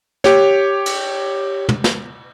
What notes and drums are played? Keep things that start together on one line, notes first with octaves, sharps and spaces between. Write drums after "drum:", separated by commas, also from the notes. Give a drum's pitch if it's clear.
G4 C#5, drum: snare
drum: cymbal
drum: tom
drum: snare